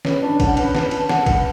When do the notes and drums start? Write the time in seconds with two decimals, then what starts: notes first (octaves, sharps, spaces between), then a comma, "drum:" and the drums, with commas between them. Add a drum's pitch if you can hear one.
0.05 C#4 B4, drum: snare
0.22 D4 A5
0.40 D4 F#5, drum: kick, cymbal
0.57 C#4 B4, drum: cymbal
0.75 B4, drum: snare
0.91 A5, drum: cymbal
1.09 F#5, drum: snare
1.26 B4, drum: kick, cymbal